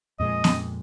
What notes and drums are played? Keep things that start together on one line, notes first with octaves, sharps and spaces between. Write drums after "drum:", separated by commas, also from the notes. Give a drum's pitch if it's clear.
F2 A#2 G#3 D#5
drum: snare